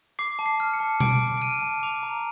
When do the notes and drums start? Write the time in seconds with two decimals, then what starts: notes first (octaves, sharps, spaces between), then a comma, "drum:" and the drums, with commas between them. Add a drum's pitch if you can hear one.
0.19 D6 C7
0.39 A5
0.46 C7
0.60 F6
0.73 C#7
0.80 A5
1.00 D6 D7, drum: tom B2
1.22 A5
1.37 D7
1.42 F6 D#7
1.62 A5
1.83 D6 F7
2.03 A#5